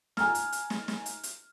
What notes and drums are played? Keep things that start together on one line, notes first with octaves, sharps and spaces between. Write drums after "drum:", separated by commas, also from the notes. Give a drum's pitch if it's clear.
G#5 A#5 F6, drum: snare
drum: hi-hat
drum: hi-hat
drum: snare
drum: snare
drum: hi-hat
drum: hi-hat